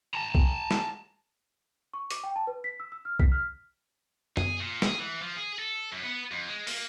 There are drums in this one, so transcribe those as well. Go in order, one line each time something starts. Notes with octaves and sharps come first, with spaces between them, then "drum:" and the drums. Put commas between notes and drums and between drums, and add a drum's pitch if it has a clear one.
A5 A#5
drum: kick
drum: snare
C#6
D6, drum: hi-hat
G5
A5
B4
B6
E6
E6
F6
B6, drum: kick
F6
G#4, drum: tom
A#2
G#4, drum: snare
E3
F3
G#4
A4
F#2
B3
F2
G#3
A#3, drum: open hi-hat